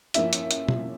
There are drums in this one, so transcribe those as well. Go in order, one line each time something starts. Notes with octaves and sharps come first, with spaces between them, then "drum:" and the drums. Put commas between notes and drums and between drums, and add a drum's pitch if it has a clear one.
F3 A#3 C#4 E4 E5, drum: hi-hat
drum: hi-hat
drum: hi-hat
drum: tom